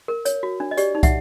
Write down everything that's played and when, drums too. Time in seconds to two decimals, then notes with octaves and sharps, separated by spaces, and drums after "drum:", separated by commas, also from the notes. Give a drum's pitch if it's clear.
0.08 A#4
0.25 C#5, drum: hi-hat
0.43 F#4
0.60 D4
0.71 D#5
0.77 G4 D5, drum: hi-hat
0.95 D#4
1.03 E5 F#5, drum: kick, hi-hat